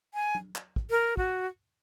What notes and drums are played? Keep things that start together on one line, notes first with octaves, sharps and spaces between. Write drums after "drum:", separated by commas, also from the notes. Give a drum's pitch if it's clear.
G#5
drum: tom F#3
drum: clap
drum: kick
A#4
F#4, drum: kick